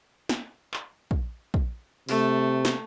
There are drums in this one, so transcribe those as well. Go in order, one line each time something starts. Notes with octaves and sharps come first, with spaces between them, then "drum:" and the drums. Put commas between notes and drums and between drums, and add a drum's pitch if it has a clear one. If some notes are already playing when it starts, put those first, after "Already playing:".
drum: snare
drum: clap
drum: kick
drum: kick
C3 A3, drum: open hi-hat
drum: snare